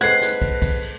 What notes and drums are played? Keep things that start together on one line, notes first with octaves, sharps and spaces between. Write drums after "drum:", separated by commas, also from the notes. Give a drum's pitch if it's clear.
G#3 C4 A4 B4 F#5 G#6 C7
drum: snare
drum: kick, cymbal
drum: kick, cymbal
drum: cymbal